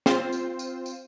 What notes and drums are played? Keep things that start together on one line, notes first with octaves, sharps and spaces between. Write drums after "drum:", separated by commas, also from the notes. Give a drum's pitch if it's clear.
C4 F4 C5, drum: snare
drum: tambourine
drum: tambourine
drum: tambourine